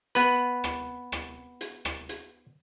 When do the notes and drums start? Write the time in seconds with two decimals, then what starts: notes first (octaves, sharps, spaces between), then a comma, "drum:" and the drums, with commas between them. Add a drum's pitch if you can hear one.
0.15 B3 B4, drum: hi-hat
0.64 drum: rim click
1.12 drum: rim click
1.61 drum: hi-hat
1.85 drum: rim click
2.09 drum: hi-hat